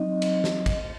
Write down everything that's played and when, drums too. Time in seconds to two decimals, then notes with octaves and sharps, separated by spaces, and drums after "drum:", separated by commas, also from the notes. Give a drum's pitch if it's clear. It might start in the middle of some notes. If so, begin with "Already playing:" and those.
Already playing: F#3 C4 D#4 D#5
0.22 drum: cymbal
0.44 drum: snare
0.66 drum: kick G#1, cymbal